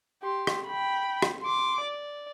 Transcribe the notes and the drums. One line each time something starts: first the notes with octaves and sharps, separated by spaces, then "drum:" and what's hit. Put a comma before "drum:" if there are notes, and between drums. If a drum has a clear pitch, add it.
G4 C6
drum: rim click
G5 B5
drum: rim click
C6 D6
D5